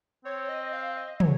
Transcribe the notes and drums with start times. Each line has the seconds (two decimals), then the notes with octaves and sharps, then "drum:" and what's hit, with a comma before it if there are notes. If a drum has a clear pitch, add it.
0.25 C4 C#5
0.49 D#5
0.73 F5
0.97 D#5
1.20 C#5, drum: tom